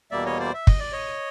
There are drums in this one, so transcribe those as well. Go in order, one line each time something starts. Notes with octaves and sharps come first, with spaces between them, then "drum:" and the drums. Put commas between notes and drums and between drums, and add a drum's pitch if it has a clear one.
E2 B2 G3 A#3 D5 E5
C#5 D#5
C5 D5
E5
D#5, drum: kick
D5
C#5 D#5